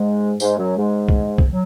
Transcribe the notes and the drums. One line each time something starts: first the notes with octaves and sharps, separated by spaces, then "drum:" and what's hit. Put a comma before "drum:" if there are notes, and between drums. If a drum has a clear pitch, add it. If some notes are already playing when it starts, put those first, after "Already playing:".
Already playing: G#2 G#3
G#2 G#3, drum: tambourine
F#2 F#3
G#2 G#3
drum: kick
drum: kick
F#3